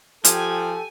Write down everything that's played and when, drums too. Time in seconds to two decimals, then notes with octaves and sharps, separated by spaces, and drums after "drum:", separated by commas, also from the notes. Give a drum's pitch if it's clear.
0.25 F3 G4 A4 G5 G#5, drum: hi-hat